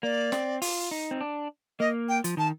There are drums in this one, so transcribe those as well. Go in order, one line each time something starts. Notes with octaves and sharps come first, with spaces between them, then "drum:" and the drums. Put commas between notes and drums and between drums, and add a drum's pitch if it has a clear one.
A#3 D5
C4, drum: snare
F4, drum: open hi-hat
D#4
C4
D4
A#3 D#5
G5
F3, drum: hi-hat
D#3 A5